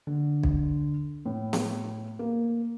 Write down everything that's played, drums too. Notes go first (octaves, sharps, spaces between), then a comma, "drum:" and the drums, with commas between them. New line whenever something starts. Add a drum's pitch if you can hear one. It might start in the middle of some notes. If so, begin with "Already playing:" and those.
D3
drum: kick B1
A2
drum: snare B3
A#3